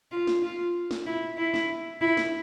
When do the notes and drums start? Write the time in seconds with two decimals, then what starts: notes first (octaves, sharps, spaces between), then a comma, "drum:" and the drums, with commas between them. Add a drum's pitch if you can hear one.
0.12 F4
0.27 drum: snare
0.43 F4
0.91 drum: snare
1.06 E4
1.38 E4
1.54 drum: snare
2.01 E4
2.17 drum: snare